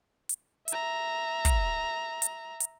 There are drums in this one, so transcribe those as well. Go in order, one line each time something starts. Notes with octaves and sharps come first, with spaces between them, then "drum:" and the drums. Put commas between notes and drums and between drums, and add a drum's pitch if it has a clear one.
drum: hi-hat
E5 A#5, drum: hi-hat
drum: kick, hi-hat
drum: hi-hat
drum: hi-hat